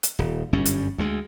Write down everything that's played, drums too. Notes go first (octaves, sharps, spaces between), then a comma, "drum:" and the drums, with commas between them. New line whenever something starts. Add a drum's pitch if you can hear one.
drum: hi-hat
D#1
G1 F#2 G3 C#4
drum: hi-hat
D2 G#3